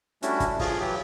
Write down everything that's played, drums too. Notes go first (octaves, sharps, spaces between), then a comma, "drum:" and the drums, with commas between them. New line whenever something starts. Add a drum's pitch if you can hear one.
G3 A3 C#4 D4 E4 F#4, drum: hi-hat
drum: kick, hi-hat
F3 F4 G#4, drum: kick, open hi-hat
E3 F#3 G4